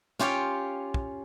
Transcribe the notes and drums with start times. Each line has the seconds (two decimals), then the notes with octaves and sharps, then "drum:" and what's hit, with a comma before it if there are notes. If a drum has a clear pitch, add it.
0.19 C#4 F4 G4 C#5 G5, drum: snare
0.94 drum: kick